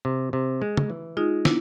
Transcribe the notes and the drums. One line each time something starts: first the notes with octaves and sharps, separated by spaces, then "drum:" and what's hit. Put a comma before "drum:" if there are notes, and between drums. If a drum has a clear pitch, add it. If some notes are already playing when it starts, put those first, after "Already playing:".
C3
C3
G#3
drum: tom
E3
G#3 D#4 F4
D4 E4, drum: snare